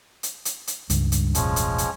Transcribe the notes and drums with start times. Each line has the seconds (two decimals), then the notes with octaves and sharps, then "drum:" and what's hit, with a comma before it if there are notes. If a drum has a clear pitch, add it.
0.23 drum: hi-hat
0.45 drum: hi-hat
0.67 drum: hi-hat
0.90 C#2 G2, drum: hi-hat
1.12 drum: hi-hat
1.35 E1 A1 F3 G#3 C#4, drum: hi-hat
1.56 drum: hi-hat
1.78 drum: hi-hat